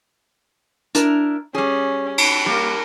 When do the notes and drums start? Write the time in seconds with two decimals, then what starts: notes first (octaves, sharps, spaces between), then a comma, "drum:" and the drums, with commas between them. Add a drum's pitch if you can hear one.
0.95 D4 E4 A#4, drum: hi-hat
1.55 G3 C#4 G#4
2.18 drum: cymbal
2.46 G3 A#3 A#4